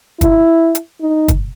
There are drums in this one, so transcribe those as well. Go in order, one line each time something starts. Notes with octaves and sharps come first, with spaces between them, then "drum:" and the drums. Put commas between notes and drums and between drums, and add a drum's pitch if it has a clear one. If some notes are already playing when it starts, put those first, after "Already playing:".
E4, drum: kick, hi-hat
drum: hi-hat
D#4
drum: kick, hi-hat